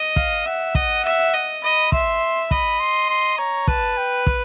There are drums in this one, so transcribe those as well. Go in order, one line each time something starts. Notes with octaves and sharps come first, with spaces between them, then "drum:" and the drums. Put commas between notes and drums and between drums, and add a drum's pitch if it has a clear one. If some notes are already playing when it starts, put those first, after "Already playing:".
Already playing: D#5
F5, drum: kick
E5 F#5
D#5 F#5, drum: kick
E5
D#5
D#5 B5
E5 C6, drum: kick
D#5 B5, drum: kick
C6
C6
C#5 A#5
B4 A5, drum: kick
G5
drum: kick